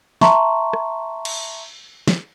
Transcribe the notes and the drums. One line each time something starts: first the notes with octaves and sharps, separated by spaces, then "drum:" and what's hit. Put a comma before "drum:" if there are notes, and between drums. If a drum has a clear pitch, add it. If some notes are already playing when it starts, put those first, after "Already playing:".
E5 A5 A#5 C6 C#6, drum: snare
drum: rim click
drum: cymbal
drum: snare